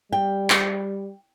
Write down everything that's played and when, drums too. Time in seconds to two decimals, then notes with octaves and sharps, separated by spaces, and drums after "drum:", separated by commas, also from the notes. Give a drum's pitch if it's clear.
0.12 G3 G5
0.50 drum: clap